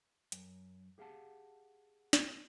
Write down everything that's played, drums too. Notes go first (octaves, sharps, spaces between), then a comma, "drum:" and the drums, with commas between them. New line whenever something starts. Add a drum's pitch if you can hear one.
F#2, drum: hi-hat
G4 G#4 F5 F#5 A5
drum: snare